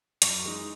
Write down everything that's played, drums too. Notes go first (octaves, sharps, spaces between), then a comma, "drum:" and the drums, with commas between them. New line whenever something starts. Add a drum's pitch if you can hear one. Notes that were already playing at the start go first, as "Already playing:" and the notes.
F#2 C#6, drum: hi-hat
E3 G#3 D#4